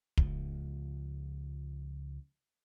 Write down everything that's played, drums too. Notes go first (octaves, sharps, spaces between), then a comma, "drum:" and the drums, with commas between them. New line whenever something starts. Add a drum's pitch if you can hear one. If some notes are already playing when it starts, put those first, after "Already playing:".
C#2 F3, drum: kick